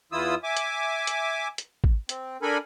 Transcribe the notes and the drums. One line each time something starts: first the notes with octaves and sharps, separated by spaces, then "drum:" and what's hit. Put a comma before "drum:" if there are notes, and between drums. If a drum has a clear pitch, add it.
E2 E3 E4 F4 D#6 E6
E5 G#5 D6
drum: hi-hat
drum: hi-hat
drum: hi-hat
drum: kick G#1
C4, drum: hi-hat
D4 A4 A#4 G#5 B5